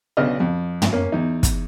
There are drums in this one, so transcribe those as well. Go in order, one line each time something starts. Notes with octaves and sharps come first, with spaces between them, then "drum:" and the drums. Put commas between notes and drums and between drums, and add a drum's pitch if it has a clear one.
B1 C#3 B3 D4 D#5 F6
F2
drum: tom
A#3 C#4
E2 D#4
drum: kick, hi-hat